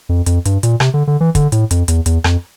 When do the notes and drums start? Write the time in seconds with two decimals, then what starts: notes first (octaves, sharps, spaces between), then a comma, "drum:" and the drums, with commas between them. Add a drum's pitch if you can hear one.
0.09 F2
0.26 F2, drum: hi-hat
0.45 G2, drum: hi-hat
0.63 A#2, drum: hi-hat
0.80 C3, drum: rim click
0.94 D3
1.07 D3
1.20 E3
1.35 D3, drum: kick, hi-hat
1.52 A2, drum: hi-hat
1.71 F2, drum: hi-hat
1.88 E2, drum: hi-hat
2.06 E2, drum: hi-hat
2.24 F2, drum: rim click